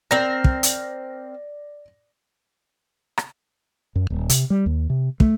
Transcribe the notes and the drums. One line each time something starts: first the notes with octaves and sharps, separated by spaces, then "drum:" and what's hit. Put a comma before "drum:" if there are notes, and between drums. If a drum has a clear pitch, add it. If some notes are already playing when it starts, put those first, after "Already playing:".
C4 A#4 D5 A#6
drum: kick
drum: hi-hat
drum: rim click
F#2
D#1
C3, drum: hi-hat
G3
D#2
C3
A3, drum: kick